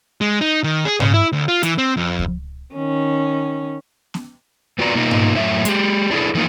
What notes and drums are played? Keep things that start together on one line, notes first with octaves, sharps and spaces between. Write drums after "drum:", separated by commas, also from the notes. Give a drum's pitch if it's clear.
G#3
D#4
D#3
G#4
C#3, drum: tom G#2
E4
D2
F4
E3, drum: hi-hat
C4
F2
drum: kick C#2
D#3 C#4
drum: snare B3
E2 B3 F4 F#4 D5 A#5
B2 A#3 D#4 F4 C#5 D#5
drum: tom G#2
F#2 A2 E5
G#3 G4, drum: hi-hat
D4 E4 G#4 A4
E3 F3 A3 A#3 D#4 F4